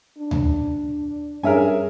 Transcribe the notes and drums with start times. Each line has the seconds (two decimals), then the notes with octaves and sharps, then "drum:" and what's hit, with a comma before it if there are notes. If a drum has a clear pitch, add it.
0.18 D4
0.31 drum: tom D2
1.43 G2 C#4 G#4 A#4 E5 G#5